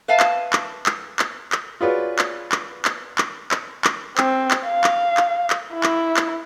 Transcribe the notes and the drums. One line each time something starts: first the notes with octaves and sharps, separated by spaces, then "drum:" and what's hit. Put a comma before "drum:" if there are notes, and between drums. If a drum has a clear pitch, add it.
B4 E5 F5 A5
drum: clap
drum: clap
drum: clap
drum: clap
drum: clap
F4 F#4 G#4 B4 C#5 D5
drum: clap
drum: clap
drum: clap
drum: clap
drum: clap
drum: clap
C4, drum: clap
drum: clap
F5
drum: clap
drum: clap
drum: clap
E4
drum: clap
drum: clap